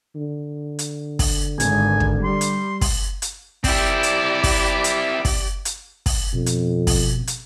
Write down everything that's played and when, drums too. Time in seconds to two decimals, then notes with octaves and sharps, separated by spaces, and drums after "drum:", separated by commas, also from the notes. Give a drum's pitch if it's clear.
0.15 D3
0.79 drum: hi-hat
1.19 drum: kick, open hi-hat
1.60 G#1 G#5, drum: hi-hat
2.00 drum: kick
2.24 G3 C6
2.41 drum: hi-hat
2.81 drum: kick, open hi-hat
3.22 drum: hi-hat
3.64 C4 E4 G4 D5, drum: kick, open hi-hat
4.03 drum: hi-hat
4.44 drum: kick, open hi-hat
4.84 drum: hi-hat
5.25 drum: kick, open hi-hat
5.65 drum: hi-hat
6.06 drum: kick, open hi-hat
6.34 F2 B2
6.46 drum: hi-hat
6.87 drum: kick, open hi-hat
7.27 drum: hi-hat